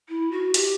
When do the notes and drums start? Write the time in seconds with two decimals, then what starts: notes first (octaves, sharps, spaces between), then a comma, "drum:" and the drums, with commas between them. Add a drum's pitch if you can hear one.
0.09 E4
0.31 F#4
0.54 G4, drum: hi-hat